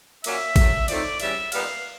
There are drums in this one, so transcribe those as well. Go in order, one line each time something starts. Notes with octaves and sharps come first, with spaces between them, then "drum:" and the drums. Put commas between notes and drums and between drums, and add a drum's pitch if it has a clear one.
A#2 F#3 A#3 C#4 E5, drum: cymbal
A2 F#3 A3, drum: kick A1, cymbal
A2 F3 A3 C4 D#4 D5, drum: cymbal
C#3 E3 G3 E5, drum: cymbal
A#2 G3 B3 D#4 F5, drum: cymbal